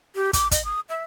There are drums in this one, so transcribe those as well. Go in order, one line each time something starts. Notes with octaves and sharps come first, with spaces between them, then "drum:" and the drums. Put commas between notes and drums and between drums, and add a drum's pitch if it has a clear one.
G4
D6, drum: kick, hi-hat
D#5, drum: kick, hi-hat
D#6
E5